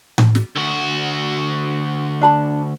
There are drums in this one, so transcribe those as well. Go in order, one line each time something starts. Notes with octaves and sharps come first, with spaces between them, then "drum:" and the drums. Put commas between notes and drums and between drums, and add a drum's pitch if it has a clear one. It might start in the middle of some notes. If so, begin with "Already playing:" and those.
drum: tom A2
drum: snare
D2 F#4
D4 A5 B5